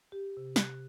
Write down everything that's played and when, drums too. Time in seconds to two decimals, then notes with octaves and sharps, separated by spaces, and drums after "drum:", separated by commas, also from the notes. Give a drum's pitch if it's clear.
0.12 G4
0.37 C3
0.56 F#6, drum: snare